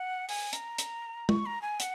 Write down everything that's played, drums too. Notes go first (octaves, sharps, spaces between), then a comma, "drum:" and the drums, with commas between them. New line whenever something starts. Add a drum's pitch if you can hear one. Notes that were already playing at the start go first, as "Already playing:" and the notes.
Already playing: F#5
G#5, drum: open hi-hat
A#5, drum: hi-hat
drum: hi-hat
C#6, drum: tom
A#5
G#5
F#5, drum: hi-hat